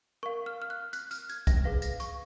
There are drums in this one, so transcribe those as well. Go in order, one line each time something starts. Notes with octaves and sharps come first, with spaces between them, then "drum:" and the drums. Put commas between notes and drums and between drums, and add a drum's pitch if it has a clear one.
A#4 F5 C#6
F6
F6
F#6
F#6, drum: tambourine
F6, drum: tambourine
G#6, drum: tambourine
A#6, drum: kick, tambourine
G#4 B4 F5 A#6
A#6, drum: tambourine
C#6, drum: tambourine